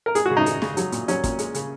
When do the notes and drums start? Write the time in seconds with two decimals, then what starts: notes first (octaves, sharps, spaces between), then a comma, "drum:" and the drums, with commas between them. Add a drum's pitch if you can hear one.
0.06 A#4
0.15 G#3 G#4, drum: hi-hat
0.26 C#3 F#4
0.37 D#4
0.46 G#3, drum: hi-hat
0.62 C#3, drum: snare
0.77 F#3, drum: hi-hat
0.92 A#2, drum: hi-hat
1.08 F#3 C#4, drum: hi-hat
1.24 A#2, drum: kick, hi-hat
1.39 G#3, drum: hi-hat
1.54 C#3, drum: hi-hat